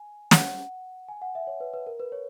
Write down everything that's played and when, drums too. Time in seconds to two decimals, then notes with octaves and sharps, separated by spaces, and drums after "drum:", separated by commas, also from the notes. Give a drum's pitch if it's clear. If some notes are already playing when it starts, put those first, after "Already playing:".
Already playing: G#5
0.31 F#5, drum: snare
1.09 G#5
1.22 F#5
1.35 E5
1.47 C#5
1.60 B4
1.74 B4
1.87 A#4
2.00 B4
2.12 C#5